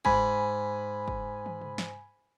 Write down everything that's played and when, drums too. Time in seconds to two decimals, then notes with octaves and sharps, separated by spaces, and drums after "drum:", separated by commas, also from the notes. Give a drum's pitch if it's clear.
0.05 G#2 G#5 B5, drum: kick
1.08 drum: kick
1.46 drum: tom
1.61 drum: tom C3
1.78 drum: snare